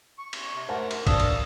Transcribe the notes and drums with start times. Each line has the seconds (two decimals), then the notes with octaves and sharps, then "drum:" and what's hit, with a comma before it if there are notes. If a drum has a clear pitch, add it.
0.19 C#6
0.33 drum: cymbal
0.53 C3
0.69 A3 D#4 A#4 C5 F#5 A5
0.91 drum: cymbal
1.07 D4 A#4 F5 A5 D#6 E6, drum: kick, cymbal
1.20 drum: cymbal